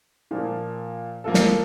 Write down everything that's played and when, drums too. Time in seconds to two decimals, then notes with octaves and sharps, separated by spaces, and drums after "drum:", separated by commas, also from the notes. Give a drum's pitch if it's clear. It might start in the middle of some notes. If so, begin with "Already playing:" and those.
0.31 A#2 F3 A#3
1.24 F3 A#3 F4 A4
1.34 drum: snare